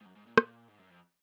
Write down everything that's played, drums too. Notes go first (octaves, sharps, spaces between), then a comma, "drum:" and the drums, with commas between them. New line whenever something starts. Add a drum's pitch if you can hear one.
G#2
F#2
G#2
A#2
A#2, drum: rim click
G#2
F#2
F2